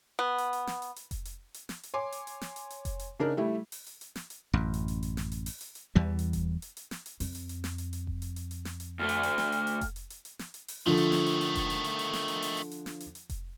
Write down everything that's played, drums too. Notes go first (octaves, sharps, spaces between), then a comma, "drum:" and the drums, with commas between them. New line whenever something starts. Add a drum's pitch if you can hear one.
B3
drum: hi-hat
drum: hi-hat
drum: snare
drum: hi-hat
drum: hi-hat
drum: kick F1, hi-hat
drum: hi-hat
drum: hi-hat
drum: snare
drum: hi-hat
C#5 G#5 C6 D6
drum: hi-hat
drum: hi-hat
drum: snare
drum: hi-hat
drum: hi-hat
drum: kick F1, hi-hat
drum: hi-hat
C#3 D4 D#4 A#4
G3 A3 E4
drum: open hi-hat
drum: hi-hat
drum: hi-hat
drum: snare
drum: hi-hat
A1 F#2
drum: hi-hat
drum: hi-hat
drum: hi-hat
drum: snare
drum: hi-hat
drum: open hi-hat
drum: hi-hat
drum: hi-hat
E2 E3 G3
drum: hi-hat
drum: kick F1, hi-hat
drum: hi-hat
drum: hi-hat
drum: snare
drum: hi-hat
F2, drum: open hi-hat
drum: hi-hat
drum: hi-hat
drum: snare
drum: hi-hat
drum: hi-hat
drum: kick F1
drum: hi-hat
drum: hi-hat
drum: hi-hat
drum: snare
drum: hi-hat
D2 A3 F6
drum: hi-hat
drum: hi-hat
drum: snare
drum: hi-hat
drum: hi-hat
drum: kick F1, hi-hat
drum: hi-hat
drum: hi-hat
drum: hi-hat
drum: snare
drum: hi-hat
drum: open hi-hat
D3 D#3 F3 A3 F4
drum: hi-hat
drum: snare
drum: hi-hat
drum: hi-hat
drum: kick F1, hi-hat
drum: hi-hat
drum: hi-hat
drum: hi-hat
drum: snare
drum: hi-hat
drum: open hi-hat
drum: hi-hat
drum: hi-hat
drum: snare
drum: hi-hat
drum: hi-hat
drum: kick F1, hi-hat